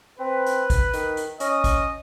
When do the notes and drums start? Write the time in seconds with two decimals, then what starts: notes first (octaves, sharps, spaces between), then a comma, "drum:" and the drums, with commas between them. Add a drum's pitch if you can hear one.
0.19 C4 B4
0.46 drum: hi-hat
0.70 drum: kick A1, hi-hat
0.93 D#3, drum: hi-hat
1.17 drum: hi-hat
1.40 C#4 D#5, drum: hi-hat
1.64 drum: kick A1, hi-hat